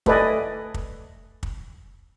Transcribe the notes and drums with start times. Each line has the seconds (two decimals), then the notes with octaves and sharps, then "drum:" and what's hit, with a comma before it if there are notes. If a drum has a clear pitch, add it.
0.06 A3 A4 B4 D5 D#5 G#5, drum: kick
0.74 drum: kick
1.43 drum: kick